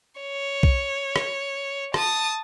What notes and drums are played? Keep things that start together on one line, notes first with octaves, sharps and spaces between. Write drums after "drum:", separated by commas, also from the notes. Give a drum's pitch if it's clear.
C#5
drum: kick B1
drum: rim click
A5 D#6, drum: rim click